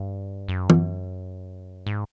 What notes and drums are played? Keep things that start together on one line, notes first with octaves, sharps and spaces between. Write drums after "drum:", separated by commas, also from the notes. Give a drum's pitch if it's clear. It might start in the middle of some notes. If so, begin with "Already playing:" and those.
Already playing: G2
F#2
drum: tom E3
G#2